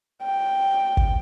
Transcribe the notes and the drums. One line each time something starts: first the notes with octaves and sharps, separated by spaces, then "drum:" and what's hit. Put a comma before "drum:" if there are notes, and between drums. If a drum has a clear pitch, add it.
G5
drum: kick